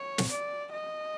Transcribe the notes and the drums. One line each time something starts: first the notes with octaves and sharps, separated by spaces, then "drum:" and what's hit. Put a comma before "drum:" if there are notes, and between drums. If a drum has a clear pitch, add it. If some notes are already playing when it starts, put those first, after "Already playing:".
Already playing: C#5
drum: snare
D5
D#5